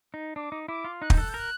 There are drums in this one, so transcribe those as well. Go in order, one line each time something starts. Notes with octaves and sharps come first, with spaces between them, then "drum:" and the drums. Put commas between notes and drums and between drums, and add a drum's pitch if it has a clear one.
D#4
D4 D6
D#4
E4 D6
F4
D#4 F#6
G6, drum: kick
A4 F#6
G6
A#4 F#6